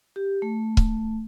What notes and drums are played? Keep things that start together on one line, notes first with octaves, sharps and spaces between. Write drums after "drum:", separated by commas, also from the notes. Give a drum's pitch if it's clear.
G4
A3
drum: kick C#1